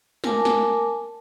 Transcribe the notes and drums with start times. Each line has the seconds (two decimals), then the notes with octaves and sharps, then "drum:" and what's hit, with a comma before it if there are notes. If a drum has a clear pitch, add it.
0.24 A#4 G#5 A5 D6, drum: snare
0.45 drum: snare